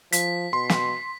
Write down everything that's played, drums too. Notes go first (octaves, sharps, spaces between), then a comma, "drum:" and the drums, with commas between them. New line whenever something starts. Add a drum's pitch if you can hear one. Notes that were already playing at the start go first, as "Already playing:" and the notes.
F3 B6, drum: hi-hat
B2 C6
drum: snare